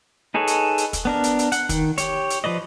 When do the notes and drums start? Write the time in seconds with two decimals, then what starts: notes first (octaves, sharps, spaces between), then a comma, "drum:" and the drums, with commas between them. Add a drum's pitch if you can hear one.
0.34 D#4 G#4 A4 B4 C#5
0.47 drum: hi-hat
0.78 drum: hi-hat
0.93 drum: kick, hi-hat
1.05 B3 D4 A#4
1.24 drum: hi-hat
1.39 drum: hi-hat
1.52 F#5, drum: hi-hat
1.69 D#3, drum: kick, hi-hat
1.98 G4 C#5, drum: hi-hat
2.30 drum: hi-hat
2.44 F3 B4 D5 D#5